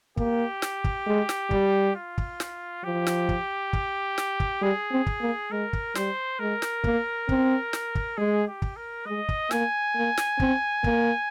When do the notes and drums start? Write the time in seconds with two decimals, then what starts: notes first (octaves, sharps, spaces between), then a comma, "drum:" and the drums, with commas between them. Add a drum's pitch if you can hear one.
0.17 A#3 G4, drum: kick
0.62 drum: snare
0.84 drum: kick
1.07 G#3
1.29 drum: snare
1.51 G3, drum: kick
1.96 F4
2.18 drum: kick
2.40 drum: snare
2.84 F3 G4
3.07 drum: snare
3.29 drum: kick
3.73 drum: kick
4.18 drum: snare
4.40 drum: kick
4.62 G3 G#4
4.92 C4
5.07 drum: kick
5.22 A#3
5.51 G#3 A#4
5.73 drum: kick
5.95 G3 C5, drum: snare
6.39 G#3 A#4
6.62 drum: snare
6.84 A#3, drum: kick
7.29 C4, drum: kick
7.73 drum: snare
7.95 drum: kick
8.17 G#3 G#4
8.48 G4
8.62 drum: kick
8.77 A#4
9.06 G#3 D#5
9.29 drum: kick
9.51 A#3 G#5, drum: snare
9.95 A#3
10.17 drum: snare
10.40 C4, drum: kick
10.84 A#3, drum: kick